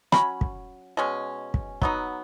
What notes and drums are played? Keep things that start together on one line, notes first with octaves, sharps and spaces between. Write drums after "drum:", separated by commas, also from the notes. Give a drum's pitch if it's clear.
F#3 C#4 B5, drum: rim click
drum: kick
B2 G#3 C#4
drum: kick
F#3 B3 D#4, drum: kick